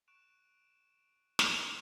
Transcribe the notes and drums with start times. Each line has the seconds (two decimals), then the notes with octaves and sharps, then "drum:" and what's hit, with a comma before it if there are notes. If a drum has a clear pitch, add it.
0.08 C#6 F#6 D7 E7 F7
1.39 drum: snare